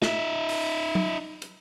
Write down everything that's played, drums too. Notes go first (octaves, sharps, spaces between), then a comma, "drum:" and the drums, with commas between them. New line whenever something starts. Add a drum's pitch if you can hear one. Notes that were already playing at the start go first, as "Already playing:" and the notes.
D#4 E5, drum: snare
drum: open hi-hat
drum: tom
drum: hi-hat